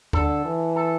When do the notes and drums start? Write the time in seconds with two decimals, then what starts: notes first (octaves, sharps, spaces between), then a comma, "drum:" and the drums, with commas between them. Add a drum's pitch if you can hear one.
0.13 D3 A4, drum: kick
0.45 E3
0.76 A4